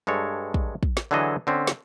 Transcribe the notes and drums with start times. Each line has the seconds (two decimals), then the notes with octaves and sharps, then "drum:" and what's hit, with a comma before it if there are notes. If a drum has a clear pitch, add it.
0.07 G2 G#3 A4 C#5
0.54 drum: kick
0.83 drum: kick
0.97 drum: snare
1.11 D3 E3 F#3 G#4 A4 D#5
1.47 D3 C4 C#4
1.67 drum: snare